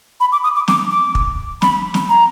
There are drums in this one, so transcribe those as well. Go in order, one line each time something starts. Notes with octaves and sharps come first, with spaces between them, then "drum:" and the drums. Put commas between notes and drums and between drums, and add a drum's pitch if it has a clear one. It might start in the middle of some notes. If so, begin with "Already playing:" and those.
B5
D6
D#6
D6
D6, drum: snare
D6
drum: kick
B5, drum: snare
drum: snare
A#5